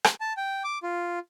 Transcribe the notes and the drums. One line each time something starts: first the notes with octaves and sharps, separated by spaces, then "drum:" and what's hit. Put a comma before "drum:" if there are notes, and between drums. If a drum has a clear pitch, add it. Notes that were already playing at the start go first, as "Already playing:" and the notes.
drum: rim click
A5
G5
D6
F4